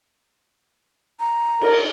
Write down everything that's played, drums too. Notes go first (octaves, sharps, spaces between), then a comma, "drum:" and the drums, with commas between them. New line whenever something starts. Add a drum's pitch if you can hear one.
A#5
A#4, drum: cymbal